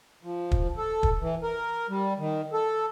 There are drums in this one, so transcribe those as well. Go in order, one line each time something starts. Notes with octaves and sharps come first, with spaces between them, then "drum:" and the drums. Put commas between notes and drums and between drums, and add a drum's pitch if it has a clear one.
F3
drum: kick
A4
drum: kick
E3
A#4
G3
D#3
A4